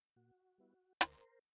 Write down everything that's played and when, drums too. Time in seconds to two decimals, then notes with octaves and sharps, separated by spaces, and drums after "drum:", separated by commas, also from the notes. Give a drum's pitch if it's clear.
0.16 A#2 F#4
0.58 G3 B3 E4
1.01 D2 A#4 C5, drum: hi-hat